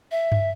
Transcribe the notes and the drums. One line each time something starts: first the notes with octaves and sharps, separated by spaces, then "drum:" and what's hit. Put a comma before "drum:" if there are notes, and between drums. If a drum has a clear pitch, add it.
E5
drum: tom G2